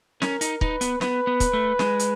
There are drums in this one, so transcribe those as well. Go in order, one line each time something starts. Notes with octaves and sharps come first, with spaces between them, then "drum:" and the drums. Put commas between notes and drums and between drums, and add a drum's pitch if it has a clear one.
C#4 A#4, drum: snare
D#4, drum: hi-hat
D#4 B4, drum: kick
B3, drum: hi-hat
B3 B4, drum: snare
B3
drum: kick, hi-hat
A3
G#3, drum: snare
drum: hi-hat